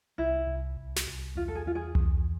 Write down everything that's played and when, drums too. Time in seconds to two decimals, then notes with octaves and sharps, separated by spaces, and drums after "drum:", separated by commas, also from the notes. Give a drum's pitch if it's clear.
0.18 C2 E4
0.47 C2
0.77 C2
0.96 drum: snare
1.07 C2
1.36 E2 F4
1.48 A4
1.55 G#4
1.66 E2 F4
1.75 G#4
1.95 E2, drum: tom C2